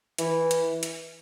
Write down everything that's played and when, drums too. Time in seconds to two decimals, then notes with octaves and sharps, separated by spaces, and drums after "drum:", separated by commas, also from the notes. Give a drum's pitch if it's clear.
0.18 E3, drum: hi-hat
0.51 drum: hi-hat
0.83 drum: hi-hat